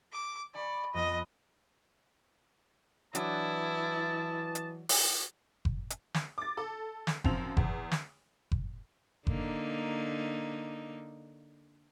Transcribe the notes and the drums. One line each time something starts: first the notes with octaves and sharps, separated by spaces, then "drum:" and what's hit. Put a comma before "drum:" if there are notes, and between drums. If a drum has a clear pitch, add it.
D6
D5 G#5 B5 C#6
F2 B3 D#5 F#6
E3 F#3 D4 E4 D#5 A5, drum: hi-hat
drum: hi-hat
drum: open hi-hat
drum: kick F#1
drum: hi-hat
drum: snare
D6 A6
A4
drum: snare
F#2 F3 C4 F7, drum: kick F#1
E2, drum: kick F#1
drum: snare
drum: kick F#1
D3 A#3 D#4, drum: kick F#1